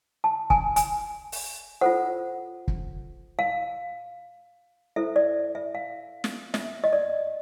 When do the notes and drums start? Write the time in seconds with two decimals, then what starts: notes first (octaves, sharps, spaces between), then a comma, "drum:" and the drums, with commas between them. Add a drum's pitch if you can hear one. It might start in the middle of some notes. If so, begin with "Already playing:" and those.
0.24 A5
0.50 G#5, drum: kick
0.76 G#5, drum: hi-hat
1.32 drum: open hi-hat
1.81 F4 A4 C5 F#5
2.68 drum: kick
3.39 F5
4.96 E4 A4 C5 E5
5.16 D5
5.55 E5
5.75 F5
6.24 drum: snare
6.54 E5, drum: snare
6.84 D#5
6.93 D5